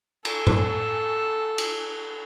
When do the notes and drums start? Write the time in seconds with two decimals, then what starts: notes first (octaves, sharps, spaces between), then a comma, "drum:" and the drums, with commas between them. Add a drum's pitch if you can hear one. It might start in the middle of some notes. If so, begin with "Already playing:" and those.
0.25 A4, drum: cymbal
0.47 drum: tom A2
1.58 drum: cymbal